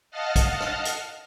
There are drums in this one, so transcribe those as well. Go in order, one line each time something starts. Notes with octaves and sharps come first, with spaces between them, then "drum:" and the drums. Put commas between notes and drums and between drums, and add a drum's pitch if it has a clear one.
D#5 F5 F#5 A5 F6
drum: kick, hi-hat
drum: rim click
drum: hi-hat